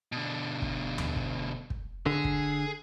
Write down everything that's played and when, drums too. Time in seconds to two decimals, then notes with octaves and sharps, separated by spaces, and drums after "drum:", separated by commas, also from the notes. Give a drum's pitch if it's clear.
0.12 B2 D3
0.62 drum: kick
0.98 drum: tom D#2
1.16 drum: kick
1.70 drum: kick
2.06 D3 G#4
2.24 drum: kick